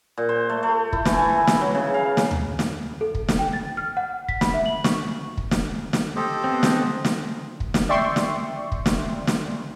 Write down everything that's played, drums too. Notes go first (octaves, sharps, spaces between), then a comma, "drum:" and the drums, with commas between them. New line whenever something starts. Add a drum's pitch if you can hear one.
A#2
C5
A3
A3
E4, drum: kick
E3, drum: snare
G#5
B4
drum: snare
F#3
C#3
F5
drum: snare
drum: tom D2
drum: snare
A4
drum: kick
drum: snare
G5
A6
F6
F#5
B6, drum: kick
B5, drum: snare
E5
F#7
C#6, drum: snare
drum: kick
drum: snare
drum: snare
G4 A4 C5 D#5
B3 C4
drum: snare
drum: snare
drum: kick
drum: snare
D5 E5 G5 C6 C#6
drum: snare
drum: kick
drum: snare
drum: snare